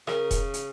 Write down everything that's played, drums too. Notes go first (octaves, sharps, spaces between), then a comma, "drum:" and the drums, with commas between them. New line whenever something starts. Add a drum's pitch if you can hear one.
C#3 A#4, drum: rim click
drum: kick E1, hi-hat
drum: hi-hat